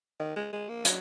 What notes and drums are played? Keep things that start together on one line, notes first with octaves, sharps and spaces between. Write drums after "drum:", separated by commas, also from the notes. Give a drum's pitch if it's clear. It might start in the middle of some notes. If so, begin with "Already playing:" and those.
D#3
G#3
G#3
A#3
F#3, drum: hi-hat